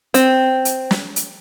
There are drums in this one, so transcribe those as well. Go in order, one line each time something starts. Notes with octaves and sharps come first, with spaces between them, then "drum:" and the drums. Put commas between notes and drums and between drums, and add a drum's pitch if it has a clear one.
C4, drum: hi-hat
drum: hi-hat
drum: snare
drum: hi-hat